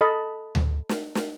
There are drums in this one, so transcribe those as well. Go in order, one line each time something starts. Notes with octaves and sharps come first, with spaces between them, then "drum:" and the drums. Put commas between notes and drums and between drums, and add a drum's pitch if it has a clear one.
A4 D#5 A5 B5
drum: tom D2
drum: snare
drum: snare